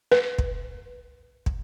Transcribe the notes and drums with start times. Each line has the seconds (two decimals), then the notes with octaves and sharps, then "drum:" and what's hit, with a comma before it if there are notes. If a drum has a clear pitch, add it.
0.12 B4
0.38 drum: kick
1.46 drum: kick